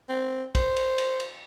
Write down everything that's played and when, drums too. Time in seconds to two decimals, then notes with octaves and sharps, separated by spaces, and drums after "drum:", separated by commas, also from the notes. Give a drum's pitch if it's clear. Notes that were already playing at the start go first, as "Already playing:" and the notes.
0.09 C4
0.55 C5, drum: kick, cymbal
0.76 drum: cymbal
0.98 drum: cymbal
1.20 drum: cymbal